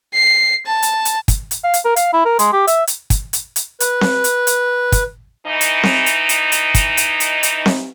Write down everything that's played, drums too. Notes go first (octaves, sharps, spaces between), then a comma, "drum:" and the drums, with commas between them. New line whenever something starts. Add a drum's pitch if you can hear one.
C7
A5
drum: hi-hat
drum: hi-hat
drum: kick, hi-hat
drum: hi-hat
F5
drum: hi-hat
A#4
F5, drum: hi-hat
E4
A#4
G#3, drum: hi-hat
G4
E5, drum: hi-hat
drum: hi-hat
drum: kick, hi-hat
drum: hi-hat
drum: hi-hat
B4, drum: hi-hat
drum: snare C4
drum: hi-hat
drum: hi-hat
drum: kick, hi-hat
E3 D#4
drum: hi-hat
drum: snare C4
drum: hi-hat
drum: hi-hat
drum: hi-hat
drum: kick, hi-hat
drum: hi-hat
drum: hi-hat
drum: hi-hat
drum: snare C4